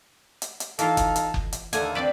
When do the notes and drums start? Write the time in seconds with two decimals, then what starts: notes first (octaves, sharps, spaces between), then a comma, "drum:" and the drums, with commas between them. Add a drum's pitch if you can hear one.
0.42 drum: hi-hat
0.60 drum: hi-hat
0.79 E3 D#4 F4 A4 F5, drum: hi-hat
0.97 drum: kick F#1, hi-hat
1.16 drum: hi-hat
1.34 drum: kick F#1
1.53 drum: hi-hat
1.73 D#2 D3 A3 F5 G#5, drum: hi-hat
1.95 C4 D4 B4 D5